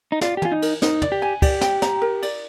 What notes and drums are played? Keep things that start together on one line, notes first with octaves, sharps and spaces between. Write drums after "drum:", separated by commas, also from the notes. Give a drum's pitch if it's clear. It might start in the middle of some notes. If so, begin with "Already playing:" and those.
D#4
F4 D5, drum: snare
G4
F4 G#5, drum: tom
D#4
A#4, drum: cymbal
D#4 A#4, drum: snare
D5, drum: tom
G4
G#5
G4 D5, drum: kick C#2, cymbal
G5, drum: snare
A#5, drum: snare
A#4
D5, drum: cymbal